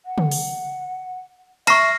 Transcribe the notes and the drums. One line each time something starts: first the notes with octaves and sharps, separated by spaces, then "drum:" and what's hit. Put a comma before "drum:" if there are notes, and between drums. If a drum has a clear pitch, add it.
F#5
drum: tom C#3
drum: open hi-hat
E5 A#5 C#6 F6 A#6 C7, drum: cymbal